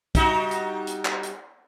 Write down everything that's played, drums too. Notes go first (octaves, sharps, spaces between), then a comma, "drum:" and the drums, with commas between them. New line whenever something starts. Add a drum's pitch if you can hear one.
G3 D#4 F#4, drum: kick, hi-hat
drum: hi-hat
drum: hi-hat
drum: clap
drum: hi-hat